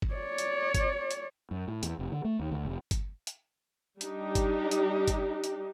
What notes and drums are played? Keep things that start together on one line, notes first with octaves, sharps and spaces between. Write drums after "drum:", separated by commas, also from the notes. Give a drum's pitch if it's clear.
drum: kick G1
C#5 D5
drum: hi-hat
drum: kick G1, hi-hat
drum: hi-hat
F#2
A2
E2, drum: hi-hat
F1
D3
A3
D#2
D2
F1
drum: kick G1, hi-hat
drum: hi-hat
G3 D4 D#4 G4, drum: hi-hat
drum: kick G1, hi-hat
drum: hi-hat
drum: kick G1, hi-hat
drum: hi-hat